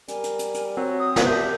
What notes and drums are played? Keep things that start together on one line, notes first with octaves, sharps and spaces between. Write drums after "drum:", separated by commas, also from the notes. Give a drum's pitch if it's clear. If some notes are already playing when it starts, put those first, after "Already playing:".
G3 A#4 G#5, drum: hi-hat
drum: hi-hat
drum: hi-hat
drum: hi-hat
F#3 C4
D#6
drum: snare
A#2 G4 E5 A5 G6